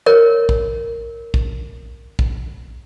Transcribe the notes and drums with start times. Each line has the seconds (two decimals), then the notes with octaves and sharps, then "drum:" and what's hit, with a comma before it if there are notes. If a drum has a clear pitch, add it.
0.06 A#4 C#5
0.49 drum: kick
1.34 drum: kick
2.19 drum: kick